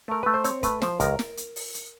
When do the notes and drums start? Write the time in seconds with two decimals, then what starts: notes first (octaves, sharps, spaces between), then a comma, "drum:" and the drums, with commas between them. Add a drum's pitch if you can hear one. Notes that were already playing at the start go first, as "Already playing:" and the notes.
0.08 A3 A#4
0.23 A3 B4
0.34 C5
0.44 C4 C#5, drum: hi-hat
0.63 A3 B4, drum: kick, hi-hat
0.82 F3 C5, drum: snare
1.00 C#2 A#4, drum: kick, hi-hat
1.19 drum: snare
1.37 drum: hi-hat
1.56 drum: open hi-hat
1.74 drum: hi-hat